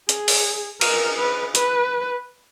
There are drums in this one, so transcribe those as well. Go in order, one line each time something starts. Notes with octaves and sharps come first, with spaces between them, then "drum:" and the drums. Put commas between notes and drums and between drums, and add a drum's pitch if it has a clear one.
G#4, drum: hi-hat
drum: open hi-hat
A#4, drum: cymbal
B4
B4, drum: hi-hat